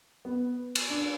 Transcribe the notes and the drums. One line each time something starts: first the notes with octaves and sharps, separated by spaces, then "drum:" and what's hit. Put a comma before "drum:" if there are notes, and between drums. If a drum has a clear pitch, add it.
B3
drum: cymbal
D4